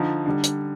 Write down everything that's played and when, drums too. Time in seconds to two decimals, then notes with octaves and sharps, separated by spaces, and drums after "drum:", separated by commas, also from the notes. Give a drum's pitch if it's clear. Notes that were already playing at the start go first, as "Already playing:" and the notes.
Already playing: D3 F3 D#4
0.26 D3 G3
0.44 drum: hi-hat